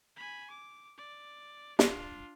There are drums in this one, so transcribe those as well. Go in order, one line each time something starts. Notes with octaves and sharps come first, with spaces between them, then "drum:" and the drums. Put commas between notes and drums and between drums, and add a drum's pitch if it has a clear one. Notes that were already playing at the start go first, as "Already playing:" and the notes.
G#5 B5
D6
D5
D4 F4, drum: snare